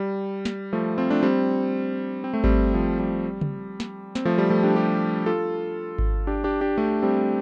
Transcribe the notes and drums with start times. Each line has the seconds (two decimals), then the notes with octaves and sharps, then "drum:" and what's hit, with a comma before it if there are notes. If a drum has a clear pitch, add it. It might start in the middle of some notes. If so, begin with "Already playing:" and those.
Already playing: G3
0.45 drum: snare
0.73 F3 A3
0.98 C4 F4
1.10 A3 D4
1.23 G3 C4
2.24 C4
2.33 A3
2.44 G3 C4, drum: kick G#1
2.74 F3
3.00 G3
3.41 drum: tom C#3
3.80 drum: snare
4.15 C4, drum: snare
4.25 F3 A3
4.38 G3
4.50 F3 A3
4.63 D4 G4
4.76 D4 G4
5.26 F4 A4
5.99 drum: kick G#1
6.27 D4 G4
6.44 D4 G4
6.61 D4 G4
6.78 A3 D4
7.03 G3 C4